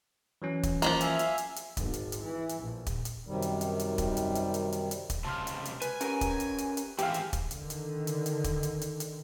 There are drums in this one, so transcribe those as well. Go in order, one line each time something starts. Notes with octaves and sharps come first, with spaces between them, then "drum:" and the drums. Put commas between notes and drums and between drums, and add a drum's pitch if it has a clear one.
E3 F#3 C#4
drum: kick, hi-hat
F3 G#3 A#3, drum: hi-hat
E5 F5 G#5, drum: hi-hat
drum: hi-hat
drum: hi-hat
drum: hi-hat
G#1, drum: kick, hi-hat
drum: hi-hat
drum: hi-hat
E3
drum: hi-hat
A#1
drum: kick, hi-hat
drum: hi-hat
F#2 C3 D#3 G3
drum: hi-hat
drum: hi-hat
drum: hi-hat
drum: kick, hi-hat
drum: hi-hat
drum: hi-hat
drum: hi-hat
drum: hi-hat
drum: hi-hat
drum: kick, hi-hat
C#2 C3 A5 C6 F6
drum: hi-hat
drum: hi-hat
B4 G#5, drum: hi-hat
C#4 G4 A#4, drum: hi-hat
drum: kick, hi-hat
drum: hi-hat
drum: hi-hat
drum: hi-hat
E3 G#3 C4 G4 F5, drum: hi-hat
drum: hi-hat
drum: kick, hi-hat
D3 D#3, drum: hi-hat
drum: hi-hat
drum: hi-hat
drum: hi-hat
drum: kick, hi-hat
drum: hi-hat
drum: hi-hat
drum: hi-hat